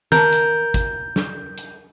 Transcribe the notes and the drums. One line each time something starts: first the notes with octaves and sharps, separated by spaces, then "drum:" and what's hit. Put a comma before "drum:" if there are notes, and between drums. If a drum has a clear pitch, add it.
A#4 G6, drum: tom D#3
drum: hi-hat
drum: kick, hi-hat
drum: snare
drum: hi-hat